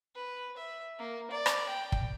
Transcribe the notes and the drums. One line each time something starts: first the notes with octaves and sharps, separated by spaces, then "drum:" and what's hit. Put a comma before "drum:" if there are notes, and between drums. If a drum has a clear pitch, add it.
B4
E5
A#3
D5
drum: rim click
G5
drum: kick